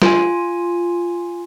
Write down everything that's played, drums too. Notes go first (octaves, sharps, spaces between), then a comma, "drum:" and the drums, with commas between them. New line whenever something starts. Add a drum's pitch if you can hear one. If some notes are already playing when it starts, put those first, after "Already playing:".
F4 G#5, drum: snare